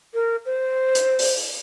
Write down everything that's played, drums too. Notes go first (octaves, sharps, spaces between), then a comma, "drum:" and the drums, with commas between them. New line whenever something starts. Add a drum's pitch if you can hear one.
A#4
C5
drum: hi-hat
drum: open hi-hat